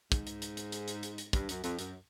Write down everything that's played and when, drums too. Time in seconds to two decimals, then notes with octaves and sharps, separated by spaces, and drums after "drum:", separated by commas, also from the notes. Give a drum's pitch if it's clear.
0.12 G#2, drum: kick, hi-hat
0.27 drum: hi-hat
0.42 drum: hi-hat
0.57 drum: hi-hat
0.72 drum: hi-hat
0.88 drum: hi-hat
1.03 drum: hi-hat
1.18 drum: hi-hat
1.33 G2, drum: kick, hi-hat
1.49 F#2, drum: hi-hat
1.64 F2, drum: hi-hat
1.79 F#2, drum: hi-hat